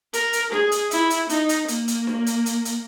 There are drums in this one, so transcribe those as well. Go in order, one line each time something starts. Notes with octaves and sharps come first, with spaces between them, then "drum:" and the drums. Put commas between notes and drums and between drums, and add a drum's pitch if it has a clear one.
A#4, drum: hi-hat
drum: hi-hat
G#4, drum: snare D4
drum: hi-hat
E4, drum: hi-hat
drum: hi-hat
D#4, drum: hi-hat
drum: hi-hat
A#3, drum: hi-hat
drum: hi-hat
drum: snare D4
drum: hi-hat
drum: hi-hat
drum: hi-hat